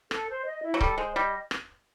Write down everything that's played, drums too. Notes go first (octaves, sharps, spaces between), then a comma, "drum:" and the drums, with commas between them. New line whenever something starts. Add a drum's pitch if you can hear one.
A4, drum: rim click
C5
D#5
E4
F#3
G3 A4, drum: kick C#1
G#3 C5
G3 D#5
drum: rim click